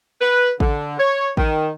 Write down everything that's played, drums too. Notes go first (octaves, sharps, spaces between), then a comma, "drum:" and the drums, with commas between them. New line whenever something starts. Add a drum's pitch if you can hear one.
B4
D3, drum: kick A1
C#5
D#3, drum: kick A1